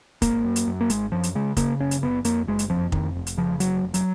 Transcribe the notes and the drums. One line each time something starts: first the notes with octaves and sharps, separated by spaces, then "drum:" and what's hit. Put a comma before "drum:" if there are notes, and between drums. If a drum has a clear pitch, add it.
G#1 A#3, drum: kick F1, hi-hat
F#2
drum: hi-hat
F#2
A#3
G#1 G#3, drum: hi-hat
F#2 F3
drum: hi-hat
C#3 G#3
C#3 A#3, drum: kick F1, hi-hat
F#1 C#4
drum: hi-hat
F#1 B3
F2 A#3, drum: hi-hat
F#1 G#3
drum: hi-hat
F2 F3
F1 D#3, drum: kick F1
F1
drum: hi-hat
C#3 F3
F1 F#3, drum: hi-hat
F1
F#3, drum: hi-hat